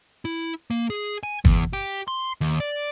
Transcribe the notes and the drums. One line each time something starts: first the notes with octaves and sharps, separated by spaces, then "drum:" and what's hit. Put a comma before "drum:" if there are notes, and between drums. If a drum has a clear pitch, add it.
E4
A#3
G#4
G#5
E2, drum: kick
G4
C6
D#2
D5